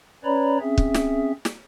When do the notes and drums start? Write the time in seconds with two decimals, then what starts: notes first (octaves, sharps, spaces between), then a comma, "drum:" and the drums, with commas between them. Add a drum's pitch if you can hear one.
0.24 C#4 B4 C#5 D5 A#5 B5
0.61 C4 C#4 G#4 E5
0.78 drum: kick
0.94 drum: snare
1.45 drum: snare